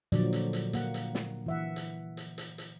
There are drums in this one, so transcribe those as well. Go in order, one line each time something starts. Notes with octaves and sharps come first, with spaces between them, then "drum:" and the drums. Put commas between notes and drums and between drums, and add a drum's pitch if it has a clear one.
A#2 D3 F3 F#3 D5, drum: hi-hat
drum: hi-hat
drum: hi-hat
A#3 F#5, drum: hi-hat
drum: hi-hat
drum: snare
E3 E5 F#5
drum: hi-hat
drum: hi-hat
drum: hi-hat
drum: hi-hat